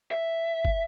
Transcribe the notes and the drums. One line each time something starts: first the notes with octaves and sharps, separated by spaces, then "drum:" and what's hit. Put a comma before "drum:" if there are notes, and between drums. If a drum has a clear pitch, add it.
E5
drum: kick